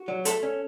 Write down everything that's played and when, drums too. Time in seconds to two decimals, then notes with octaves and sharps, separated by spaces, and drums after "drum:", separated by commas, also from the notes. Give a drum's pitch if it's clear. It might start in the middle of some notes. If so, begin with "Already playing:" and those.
Already playing: F#4
0.08 F#3
0.25 A3 A4, drum: hi-hat
0.43 C#4